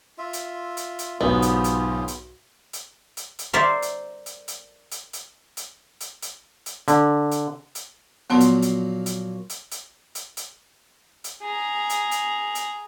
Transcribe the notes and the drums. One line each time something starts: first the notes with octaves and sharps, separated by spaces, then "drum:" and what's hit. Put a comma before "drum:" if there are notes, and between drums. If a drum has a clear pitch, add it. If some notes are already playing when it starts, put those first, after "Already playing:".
F4 E5
drum: hi-hat
drum: hi-hat
drum: hi-hat
B1 G#2 B3 F4 G4 G#4
drum: hi-hat
drum: hi-hat
drum: hi-hat
drum: hi-hat
drum: hi-hat
drum: hi-hat
A#4 C5 D5 E5
drum: hi-hat
drum: hi-hat
drum: hi-hat
drum: hi-hat
drum: hi-hat
drum: hi-hat
drum: hi-hat
drum: hi-hat
drum: hi-hat
D3, drum: hi-hat
drum: hi-hat
drum: hi-hat
A#2 F3 F#3 B3 A5 C6
drum: hi-hat
drum: hi-hat
drum: hi-hat
drum: hi-hat
drum: hi-hat
drum: hi-hat
drum: hi-hat
drum: hi-hat
G#4 A#5
drum: hi-hat
drum: hi-hat
drum: hi-hat